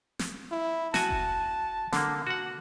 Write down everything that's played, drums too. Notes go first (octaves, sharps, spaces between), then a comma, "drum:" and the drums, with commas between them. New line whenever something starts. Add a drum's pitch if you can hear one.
drum: snare
E4
F#4 G#5 A5, drum: snare
drum: kick F1
D3 A#3, drum: snare
F#4 F#5